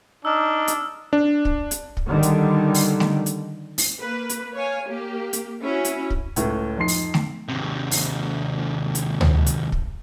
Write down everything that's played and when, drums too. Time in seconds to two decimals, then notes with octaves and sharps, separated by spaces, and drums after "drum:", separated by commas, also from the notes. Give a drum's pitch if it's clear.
0.25 D4 D#4 E6 F6
0.68 drum: hi-hat
1.13 D4
1.45 drum: kick
1.71 drum: hi-hat
1.97 drum: kick
2.07 D3 D#3 G3
2.23 drum: hi-hat
2.74 drum: open hi-hat
3.00 drum: snare A3
3.26 drum: hi-hat
3.78 drum: open hi-hat
4.00 A#3 B4
4.29 drum: hi-hat
4.55 C#5 F5 G#5
4.87 A#3 G4
5.33 drum: hi-hat
5.63 C#4 E4 F#4
5.85 drum: hi-hat
6.10 drum: kick
6.36 C#2 A2, drum: hi-hat
6.78 F2 D#4 C6 C7
6.88 drum: open hi-hat
7.14 drum: snare A3
7.48 D#2 C3
7.91 drum: open hi-hat
8.95 drum: hi-hat
9.21 drum: tom D2
9.46 drum: hi-hat
9.72 drum: kick